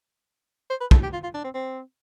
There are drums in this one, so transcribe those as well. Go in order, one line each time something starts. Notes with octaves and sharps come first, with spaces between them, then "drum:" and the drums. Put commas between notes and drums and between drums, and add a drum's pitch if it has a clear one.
C5
B4
A4, drum: kick
G4
F4
F4
D4
C4
C4